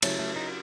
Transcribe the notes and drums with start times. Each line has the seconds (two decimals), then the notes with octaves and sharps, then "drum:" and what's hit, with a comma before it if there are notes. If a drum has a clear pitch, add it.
0.02 C#3 F#3 A3 C#4 E4, drum: cymbal
0.19 A3
0.36 D#4